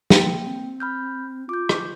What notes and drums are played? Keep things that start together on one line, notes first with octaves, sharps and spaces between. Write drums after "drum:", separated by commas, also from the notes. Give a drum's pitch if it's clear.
A#3 G5, drum: snare
C4
B5 F6 G6
F4 D6 G6
drum: rim click